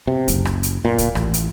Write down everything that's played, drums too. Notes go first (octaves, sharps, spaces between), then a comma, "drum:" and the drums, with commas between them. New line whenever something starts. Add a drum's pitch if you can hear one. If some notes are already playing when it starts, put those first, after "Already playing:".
C3
F#1, drum: kick C#2, hi-hat
drum: rim click
drum: hi-hat
A#2
drum: kick C#2, hi-hat
A1, drum: rim click
drum: hi-hat